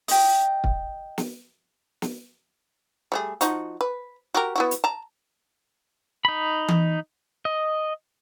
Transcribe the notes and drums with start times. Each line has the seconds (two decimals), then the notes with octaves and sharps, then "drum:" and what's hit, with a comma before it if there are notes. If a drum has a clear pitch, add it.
0.08 D#5 G5, drum: open hi-hat
0.64 drum: kick
1.18 drum: snare
2.02 drum: snare
3.12 G3 A3 G#4
3.41 F3 D#4 F#4, drum: hi-hat
3.81 B4
4.34 F#4 G4 A#4
4.56 B3 E4 F#4
4.71 drum: hi-hat
4.84 A5 A#5
6.25 D#4 B5
6.68 drum: tom E3
7.45 D#5